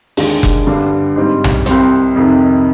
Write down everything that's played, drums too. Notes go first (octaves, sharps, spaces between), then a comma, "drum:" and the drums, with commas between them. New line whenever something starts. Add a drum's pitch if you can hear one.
D#2 D3 G#3 D4, drum: open hi-hat
drum: kick F1
G2 D3 G3 D4
G#2 G3 C4
drum: tom A#1
C2 C3 G3 C4, drum: hi-hat
F2 C3 D#3